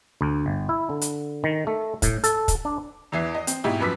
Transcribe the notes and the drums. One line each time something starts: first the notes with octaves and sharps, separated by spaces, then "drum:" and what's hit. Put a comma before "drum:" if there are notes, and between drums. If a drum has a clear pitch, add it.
D2
G1
E4
D3
drum: hi-hat
D#3
A3
A2, drum: kick, hi-hat
A4, drum: hi-hat
drum: kick, hi-hat
D4
E2 E3 E5 C7
D#5
C4, drum: hi-hat
G#2 B2 E4 G4
F#2 F3 B4 D6 E6 B6